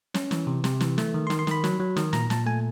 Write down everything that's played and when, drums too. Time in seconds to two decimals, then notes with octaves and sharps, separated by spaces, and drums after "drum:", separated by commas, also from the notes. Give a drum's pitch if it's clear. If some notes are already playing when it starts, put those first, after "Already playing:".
0.14 C#4, drum: snare
0.31 E3, drum: snare
0.47 C3
0.64 C3, drum: snare
0.80 E3, drum: snare
0.98 A3, drum: snare
1.14 D#3
1.27 C6
1.30 D#3, drum: snare
1.39 C6
1.47 D#3 B5, drum: snare
1.64 F#3, drum: snare
1.80 F#3
1.96 D#3, drum: snare
2.13 A#2 A#5, drum: snare
2.30 A#2 A5, drum: snare
2.46 A3 G#5